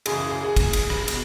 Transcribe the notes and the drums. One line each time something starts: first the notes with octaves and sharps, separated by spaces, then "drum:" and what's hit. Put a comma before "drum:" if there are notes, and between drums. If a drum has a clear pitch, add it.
F#2 C#3 E3 G#4, drum: cymbal
G#4
G#4
G#4
drum: kick, cymbal
drum: cymbal
drum: rim click
B2, drum: cymbal